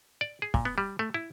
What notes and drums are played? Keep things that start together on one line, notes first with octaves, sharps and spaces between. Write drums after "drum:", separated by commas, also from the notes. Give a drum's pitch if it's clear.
D5
G#4
A#2, drum: kick
B3
G3
A3
E4